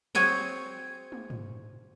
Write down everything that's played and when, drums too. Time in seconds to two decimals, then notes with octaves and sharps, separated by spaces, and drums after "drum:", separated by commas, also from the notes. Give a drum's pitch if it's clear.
0.15 C4 F#4 G#4 C5 C#5 G#5, drum: snare
1.12 drum: tom
1.30 drum: tom